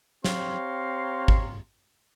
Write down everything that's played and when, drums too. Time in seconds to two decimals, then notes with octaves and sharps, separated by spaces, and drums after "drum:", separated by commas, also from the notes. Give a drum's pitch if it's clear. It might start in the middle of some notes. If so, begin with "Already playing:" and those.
0.24 C4 G4 C#5 F5 A#5 C6, drum: snare
1.28 drum: kick